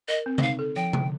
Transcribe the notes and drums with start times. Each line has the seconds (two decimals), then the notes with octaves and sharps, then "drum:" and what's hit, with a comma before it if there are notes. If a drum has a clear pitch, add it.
0.08 A#4 D#5
0.26 C4
0.38 D#5, drum: tom C3
0.42 D#4 F5
0.59 A4
0.76 F3 G5
0.93 D3, drum: tom C3